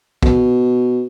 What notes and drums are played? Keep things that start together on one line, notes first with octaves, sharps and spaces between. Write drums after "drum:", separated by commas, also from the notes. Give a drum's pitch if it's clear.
B2, drum: kick